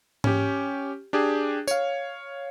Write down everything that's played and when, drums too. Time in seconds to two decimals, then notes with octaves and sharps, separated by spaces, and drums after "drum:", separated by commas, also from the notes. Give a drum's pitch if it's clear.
0.24 C#4 G4, drum: tom G#2
1.13 D4 G4 G#4
1.67 C#5 F5, drum: tambourine